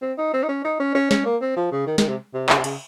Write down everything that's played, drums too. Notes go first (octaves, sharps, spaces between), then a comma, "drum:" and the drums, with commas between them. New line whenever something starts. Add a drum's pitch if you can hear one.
C4
D#4
C4
D#4
C#4
D#4
C#4
C#4
C#4, drum: snare
A#3
C4
F3
C#3
D#3
D#3, drum: snare
C3
C3
C#3, drum: clap
C3
C#3, drum: cymbal